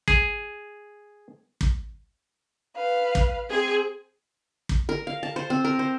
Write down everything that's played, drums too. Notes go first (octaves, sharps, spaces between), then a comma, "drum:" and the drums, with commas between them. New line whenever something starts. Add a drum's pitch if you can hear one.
G#4, drum: kick
drum: kick
B4 F5
drum: kick
C4 G#4
drum: kick
A#4
F5
A5
C5
C4
A#4
C5